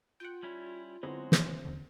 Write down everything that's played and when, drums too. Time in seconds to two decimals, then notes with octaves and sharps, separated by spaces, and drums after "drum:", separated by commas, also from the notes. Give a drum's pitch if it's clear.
0.20 F4 F#5 G5
0.43 G3 C#4 E4
1.03 D3 F#3 G#3 B3 C4 E4 F#4
1.32 drum: snare
1.65 D#2 D3